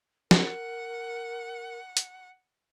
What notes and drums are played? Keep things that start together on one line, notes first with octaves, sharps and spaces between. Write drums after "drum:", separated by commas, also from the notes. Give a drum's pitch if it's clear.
A#4 F#5, drum: snare
drum: hi-hat